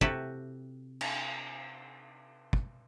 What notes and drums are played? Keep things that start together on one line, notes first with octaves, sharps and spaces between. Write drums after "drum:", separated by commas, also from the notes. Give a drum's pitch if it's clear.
C3 E4 F#4 G4 A4 B4, drum: kick
drum: cymbal
drum: kick